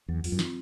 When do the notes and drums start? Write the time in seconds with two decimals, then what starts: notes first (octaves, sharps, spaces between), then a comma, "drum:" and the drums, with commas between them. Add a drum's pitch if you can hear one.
0.08 E2 F#3
0.24 F2 F4, drum: open hi-hat
0.32 F#2
0.39 C4, drum: snare